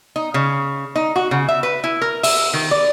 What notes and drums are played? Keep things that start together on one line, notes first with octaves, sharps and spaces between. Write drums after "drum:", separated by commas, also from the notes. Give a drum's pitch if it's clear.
D#4
C#3
D#4
F#4
C#3
E5
B4
E4
A#4
E5, drum: open hi-hat
D#3
D5